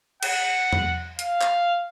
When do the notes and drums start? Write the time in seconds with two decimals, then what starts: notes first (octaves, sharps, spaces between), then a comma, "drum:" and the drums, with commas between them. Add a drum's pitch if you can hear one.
0.23 F#5, drum: cymbal
0.73 drum: tom E2
1.19 F5, drum: hi-hat
1.42 drum: clap